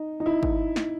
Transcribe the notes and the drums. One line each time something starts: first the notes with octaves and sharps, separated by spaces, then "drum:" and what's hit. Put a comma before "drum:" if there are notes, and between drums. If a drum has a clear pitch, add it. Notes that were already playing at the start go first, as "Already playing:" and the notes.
Already playing: D#4
D#4
E4
drum: kick
drum: snare